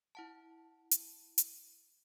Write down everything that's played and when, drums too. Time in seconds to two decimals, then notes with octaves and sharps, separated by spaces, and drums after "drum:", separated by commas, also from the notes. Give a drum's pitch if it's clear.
0.15 E4 F#5 A5
0.91 drum: hi-hat
1.38 drum: hi-hat